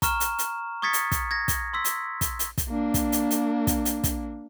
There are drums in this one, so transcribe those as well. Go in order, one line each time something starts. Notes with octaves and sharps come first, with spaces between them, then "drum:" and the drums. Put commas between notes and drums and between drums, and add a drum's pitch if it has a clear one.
A#5 C#6 F6 E7, drum: kick, hi-hat
drum: hi-hat
drum: hi-hat
C#6 D#6 G#6 A6 B6 C#7
drum: hi-hat
drum: kick, hi-hat
G#6 A#6
drum: kick, hi-hat
C6 E6 B6
drum: hi-hat
drum: kick, hi-hat
drum: hi-hat
drum: kick, hi-hat
A#3 D4
drum: kick, hi-hat
drum: hi-hat
drum: hi-hat
drum: kick, hi-hat
drum: hi-hat
drum: kick, hi-hat